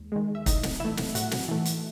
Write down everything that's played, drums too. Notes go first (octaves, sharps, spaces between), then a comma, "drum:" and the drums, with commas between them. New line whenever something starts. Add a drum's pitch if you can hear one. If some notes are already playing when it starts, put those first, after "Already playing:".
Already playing: D#2 G#3
D#3 G#3
E5
A2 D#4 D#5, drum: kick, hi-hat
drum: snare
E3 A3 E4 E5
drum: snare
A2 F#4 F#5, drum: hi-hat
drum: snare
E3 A3
drum: hi-hat